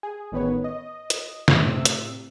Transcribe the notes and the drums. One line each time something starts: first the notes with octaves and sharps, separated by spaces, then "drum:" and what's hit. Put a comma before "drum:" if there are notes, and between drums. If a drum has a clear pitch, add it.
G#4
A1 D#3 B3 B4 C#5
D#5
drum: hi-hat
F#2 A2 C#3, drum: snare
A2 C3 E6
drum: hi-hat